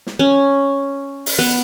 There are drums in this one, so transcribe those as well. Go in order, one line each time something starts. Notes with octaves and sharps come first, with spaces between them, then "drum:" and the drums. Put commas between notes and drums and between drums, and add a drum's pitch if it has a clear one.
drum: snare
C#4
drum: open hi-hat
B3